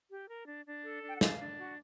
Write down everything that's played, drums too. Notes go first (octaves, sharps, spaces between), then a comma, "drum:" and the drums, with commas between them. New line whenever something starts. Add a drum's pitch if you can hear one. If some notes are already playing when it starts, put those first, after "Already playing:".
G4
A#4
D4
D4
A4
D4 G5
F#5
D4 F5, drum: snare
D4
F#4